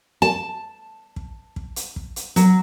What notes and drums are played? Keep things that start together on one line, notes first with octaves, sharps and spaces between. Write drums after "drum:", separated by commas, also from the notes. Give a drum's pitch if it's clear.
A5
drum: kick
drum: kick
drum: hi-hat
drum: kick
drum: hi-hat
F#3, drum: hi-hat